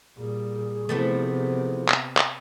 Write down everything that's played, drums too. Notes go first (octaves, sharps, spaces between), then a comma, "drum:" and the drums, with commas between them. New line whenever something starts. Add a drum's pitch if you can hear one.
A#2 G3 G#4
C3 E3 F3 A3 B3
drum: clap
drum: clap